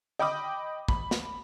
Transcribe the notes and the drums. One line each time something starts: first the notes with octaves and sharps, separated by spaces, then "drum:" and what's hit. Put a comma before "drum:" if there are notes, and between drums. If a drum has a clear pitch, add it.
D#5 G5 B5 D6 D#6
B5, drum: kick
drum: snare